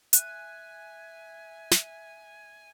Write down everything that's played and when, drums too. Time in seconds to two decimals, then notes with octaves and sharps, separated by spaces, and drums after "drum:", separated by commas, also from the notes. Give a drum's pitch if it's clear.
0.13 E5 G#5 F#6, drum: hi-hat
1.71 drum: snare